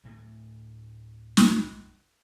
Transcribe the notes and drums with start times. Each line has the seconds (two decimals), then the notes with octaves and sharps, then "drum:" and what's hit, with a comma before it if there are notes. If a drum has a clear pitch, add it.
0.04 D2 A2 A3
1.37 drum: snare